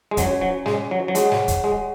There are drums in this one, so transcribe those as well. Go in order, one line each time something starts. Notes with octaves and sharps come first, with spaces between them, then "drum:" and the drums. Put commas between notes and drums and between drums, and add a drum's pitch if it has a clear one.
G#3
F#3 C#4 F#4 C#5 G#5, drum: kick, hi-hat
F#3
G#3, drum: snare
F#3
F#3
G#3 G#4 C#5 F#5, drum: hi-hat
drum: snare
drum: kick, hi-hat
G#3